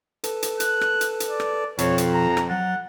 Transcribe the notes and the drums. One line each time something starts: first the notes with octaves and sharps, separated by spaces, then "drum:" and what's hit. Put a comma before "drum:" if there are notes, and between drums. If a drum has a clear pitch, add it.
A4 B4 A5, drum: hi-hat
drum: hi-hat
F#6, drum: hi-hat
drum: rim click
drum: hi-hat
drum: hi-hat
D5
drum: rim click
F2 B2 F3 C#5, drum: hi-hat
drum: hi-hat
A#5
drum: rim click
F#3 F#5 A6